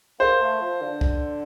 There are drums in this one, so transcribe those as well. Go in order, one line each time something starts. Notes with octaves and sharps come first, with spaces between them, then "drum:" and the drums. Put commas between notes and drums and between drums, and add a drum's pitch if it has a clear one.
A#3 C5
A3
F3
D3
drum: kick C2